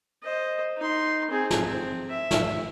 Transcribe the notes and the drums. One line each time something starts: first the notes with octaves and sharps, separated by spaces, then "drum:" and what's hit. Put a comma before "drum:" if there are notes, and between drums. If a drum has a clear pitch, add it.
C5 D#5
D#4 C6
C4 G#4
drum: snare
C4
E5
drum: snare